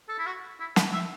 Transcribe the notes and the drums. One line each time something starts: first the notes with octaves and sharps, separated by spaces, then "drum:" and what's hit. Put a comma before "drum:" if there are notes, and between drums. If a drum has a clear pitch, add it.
A4
E4
F#4
E4
B4, drum: snare
E5